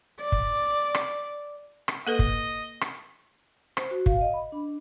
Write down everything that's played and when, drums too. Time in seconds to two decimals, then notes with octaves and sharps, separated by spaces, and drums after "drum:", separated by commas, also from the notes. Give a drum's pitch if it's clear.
0.21 D5
0.32 drum: kick
0.95 drum: rim click
1.88 drum: rim click
2.07 A#3 A4 B4 D#5
2.19 drum: kick
2.81 drum: rim click
3.77 C5, drum: rim click
3.91 F#4
4.06 F5, drum: kick
4.21 D#5
4.34 B5
4.52 D4